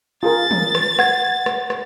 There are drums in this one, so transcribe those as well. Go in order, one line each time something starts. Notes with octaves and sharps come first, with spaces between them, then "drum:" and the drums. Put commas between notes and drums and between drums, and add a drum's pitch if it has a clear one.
F4 G#4 A#4 A6
drum: tom
drum: rim click
F#5 G#6, drum: rim click
drum: rim click
drum: rim click